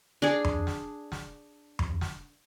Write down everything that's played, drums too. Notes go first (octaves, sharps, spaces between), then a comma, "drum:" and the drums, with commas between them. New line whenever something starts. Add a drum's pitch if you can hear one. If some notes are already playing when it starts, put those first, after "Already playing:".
D4 G#4
drum: tom F2
drum: snare
drum: snare
drum: tom F2
drum: snare